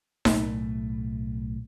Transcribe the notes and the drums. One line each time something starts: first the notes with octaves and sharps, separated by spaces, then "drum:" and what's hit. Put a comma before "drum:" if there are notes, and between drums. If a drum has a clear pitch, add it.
B1 A2 A3, drum: snare D#4